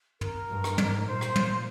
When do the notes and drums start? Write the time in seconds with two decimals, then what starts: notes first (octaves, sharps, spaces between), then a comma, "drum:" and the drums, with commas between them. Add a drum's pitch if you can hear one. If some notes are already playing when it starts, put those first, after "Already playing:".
0.21 A#4, drum: tom
0.49 G2
0.64 drum: rim click
0.78 G#2, drum: tom
1.06 A#2 C5
1.21 drum: rim click
1.36 drum: tom